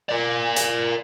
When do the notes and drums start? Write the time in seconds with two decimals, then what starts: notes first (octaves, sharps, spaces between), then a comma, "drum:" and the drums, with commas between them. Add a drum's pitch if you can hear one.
0.09 A#4 D5
0.56 drum: hi-hat